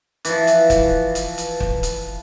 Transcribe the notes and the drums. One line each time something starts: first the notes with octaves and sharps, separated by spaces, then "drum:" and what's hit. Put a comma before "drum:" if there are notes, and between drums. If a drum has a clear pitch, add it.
E3 F3, drum: hi-hat
drum: hi-hat
drum: kick, hi-hat
drum: hi-hat
drum: hi-hat
drum: kick
drum: hi-hat